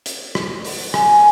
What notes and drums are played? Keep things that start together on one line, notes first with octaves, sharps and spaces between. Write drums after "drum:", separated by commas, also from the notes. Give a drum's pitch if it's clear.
drum: hi-hat
drum: rim click
drum: open hi-hat
G#5, drum: rim click